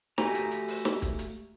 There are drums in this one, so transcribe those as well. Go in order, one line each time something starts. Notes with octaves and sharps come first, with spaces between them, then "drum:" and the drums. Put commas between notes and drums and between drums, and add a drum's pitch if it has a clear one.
A3 F#4 G4 G#5 A#5, drum: snare
drum: hi-hat
drum: hi-hat
drum: open hi-hat
drum: snare
drum: kick, hi-hat
drum: hi-hat